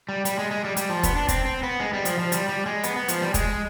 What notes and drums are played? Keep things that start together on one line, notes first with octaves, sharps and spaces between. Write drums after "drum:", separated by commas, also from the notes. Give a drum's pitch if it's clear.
G3
G3, drum: hi-hat
G#3
G#3
G3
G3, drum: hi-hat
F3
B3, drum: kick, hi-hat
D4
C4, drum: kick, hi-hat
C4
B3
G#3
G3
F3, drum: hi-hat
F3
G3, drum: hi-hat
G3
G#3
B3, drum: hi-hat
B3
F3, drum: hi-hat
G3
G#3, drum: kick, hi-hat